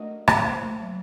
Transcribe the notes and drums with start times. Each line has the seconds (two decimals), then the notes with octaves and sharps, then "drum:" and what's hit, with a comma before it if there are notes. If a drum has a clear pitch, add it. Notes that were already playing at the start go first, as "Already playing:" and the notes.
Already playing: A3 D4 F#4 A#4 D#5
0.28 drum: rim click
0.44 A#3 C5 F#5 A5 C6
0.63 A3
0.80 F#3